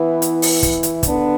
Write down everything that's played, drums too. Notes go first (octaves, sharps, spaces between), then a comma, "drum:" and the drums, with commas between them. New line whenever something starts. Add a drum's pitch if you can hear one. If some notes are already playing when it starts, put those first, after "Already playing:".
Already playing: E3 B3 E4
drum: hi-hat
drum: open hi-hat
drum: kick, hi-hat
drum: hi-hat
D3 B3 D4, drum: kick, hi-hat